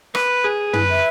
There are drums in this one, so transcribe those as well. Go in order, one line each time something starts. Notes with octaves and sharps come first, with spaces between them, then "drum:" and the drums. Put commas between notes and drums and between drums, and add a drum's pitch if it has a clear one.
B4, drum: rim click
G#4
E4 B4, drum: tom
E5